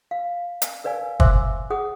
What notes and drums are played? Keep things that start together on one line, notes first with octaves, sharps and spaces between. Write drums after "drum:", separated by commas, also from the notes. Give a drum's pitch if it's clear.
F5
drum: hi-hat
A#4 B4 D5 F5 G#5
C5 E5 G#5 C6 D6 E6, drum: kick
G#4 F#5 D#6